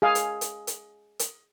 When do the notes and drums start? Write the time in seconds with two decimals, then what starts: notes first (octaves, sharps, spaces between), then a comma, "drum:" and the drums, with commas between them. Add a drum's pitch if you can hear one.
0.02 G#4 F5
0.15 drum: hi-hat
0.41 drum: hi-hat
0.67 drum: hi-hat
1.19 drum: hi-hat